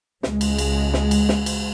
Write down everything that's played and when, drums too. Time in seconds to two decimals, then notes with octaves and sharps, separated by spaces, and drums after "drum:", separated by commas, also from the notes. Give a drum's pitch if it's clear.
0.23 C#2 G#3, drum: snare
0.41 drum: cymbal
0.58 drum: cymbal
0.94 drum: snare
1.11 drum: cymbal
1.29 drum: snare
1.46 drum: cymbal